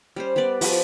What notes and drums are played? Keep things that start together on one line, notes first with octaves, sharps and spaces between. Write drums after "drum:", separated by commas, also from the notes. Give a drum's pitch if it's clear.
G3 C#4 C5
G3 B3 B4 D5
F3 G4, drum: open hi-hat